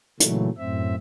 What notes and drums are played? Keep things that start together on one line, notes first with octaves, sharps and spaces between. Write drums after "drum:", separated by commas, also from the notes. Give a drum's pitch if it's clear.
A#2 C#3 E3 F#3 A3, drum: hi-hat
F#2 A2 C4 E5